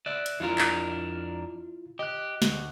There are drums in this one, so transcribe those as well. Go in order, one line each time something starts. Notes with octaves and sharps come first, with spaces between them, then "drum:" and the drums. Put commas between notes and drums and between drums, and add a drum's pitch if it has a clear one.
D5 E5 F#6
drum: hi-hat
F2 D4 E4 F4 A#4
drum: clap
G4 D#5 F#6
D2, drum: snare